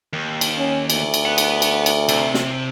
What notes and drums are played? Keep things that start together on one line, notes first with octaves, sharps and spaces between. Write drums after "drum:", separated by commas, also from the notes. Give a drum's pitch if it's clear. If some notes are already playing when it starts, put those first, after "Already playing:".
D#2
drum: cymbal
C#4
D2, drum: cymbal
drum: cymbal
B4 F#5
drum: cymbal
drum: cymbal
drum: cymbal
C3, drum: cymbal
drum: snare